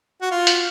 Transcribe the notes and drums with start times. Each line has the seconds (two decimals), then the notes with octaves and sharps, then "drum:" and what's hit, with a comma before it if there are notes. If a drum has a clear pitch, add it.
0.22 F#4
0.31 F4
0.47 drum: hi-hat